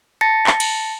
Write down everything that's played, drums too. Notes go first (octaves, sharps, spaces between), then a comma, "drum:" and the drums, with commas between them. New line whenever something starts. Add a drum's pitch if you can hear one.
A5 A6 A#6 C#7
drum: clap
drum: cymbal